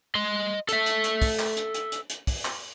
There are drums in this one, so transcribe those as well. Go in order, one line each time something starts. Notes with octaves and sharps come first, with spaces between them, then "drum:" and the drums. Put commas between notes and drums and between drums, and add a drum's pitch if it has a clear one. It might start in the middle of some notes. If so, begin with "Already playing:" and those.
D#5 C6
A4 E5, drum: hi-hat
drum: hi-hat
drum: hi-hat
drum: kick, open hi-hat
drum: clap
drum: hi-hat
drum: hi-hat
drum: hi-hat
drum: hi-hat
drum: kick, open hi-hat
drum: clap